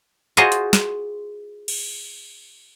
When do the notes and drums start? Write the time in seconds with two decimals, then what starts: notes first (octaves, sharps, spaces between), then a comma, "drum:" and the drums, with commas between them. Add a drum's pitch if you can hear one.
0.37 F4 F#4 G#4 B4 C5 D#5, drum: hi-hat
0.52 drum: hi-hat
0.73 drum: snare
1.68 drum: cymbal